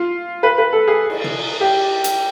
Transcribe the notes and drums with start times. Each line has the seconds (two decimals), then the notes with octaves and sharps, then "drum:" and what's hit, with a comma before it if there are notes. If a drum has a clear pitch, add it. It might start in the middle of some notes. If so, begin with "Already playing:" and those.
Already playing: F4
0.43 B4
0.58 B4
0.73 A4
0.88 G#4
1.10 drum: cymbal
1.24 drum: tom
1.60 G4
2.04 drum: hi-hat